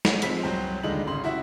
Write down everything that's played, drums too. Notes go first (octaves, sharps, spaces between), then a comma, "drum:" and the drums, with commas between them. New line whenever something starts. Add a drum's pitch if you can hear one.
drum: snare
F3 G#3 C4 B6, drum: hi-hat
C2 F#3 C5 G5
D#2 D3 G3 G#3 D#4 F#7
G#1 C#3 C6 F#7
E4 F#4 G4 E5